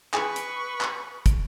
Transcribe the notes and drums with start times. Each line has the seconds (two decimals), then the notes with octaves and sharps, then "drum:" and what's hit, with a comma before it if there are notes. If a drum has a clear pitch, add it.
0.14 G#4 B4 C#6, drum: clap
0.36 drum: hi-hat
0.81 drum: clap
1.26 drum: kick, hi-hat